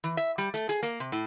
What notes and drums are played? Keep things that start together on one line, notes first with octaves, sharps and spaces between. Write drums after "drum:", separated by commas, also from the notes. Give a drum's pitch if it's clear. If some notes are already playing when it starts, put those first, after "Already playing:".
E3
E5
G3, drum: hi-hat
A3, drum: hi-hat
G#4, drum: hi-hat
A#3, drum: hi-hat
C3
A2